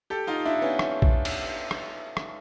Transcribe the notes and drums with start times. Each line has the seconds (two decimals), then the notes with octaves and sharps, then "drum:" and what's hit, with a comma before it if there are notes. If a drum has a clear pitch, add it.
0.10 G4 A4
0.27 D#4 F4
0.46 D4 E4
0.62 B3 C#4
0.79 drum: rim click
1.02 drum: kick A#1
1.25 drum: cymbal
1.71 drum: rim click
2.17 drum: rim click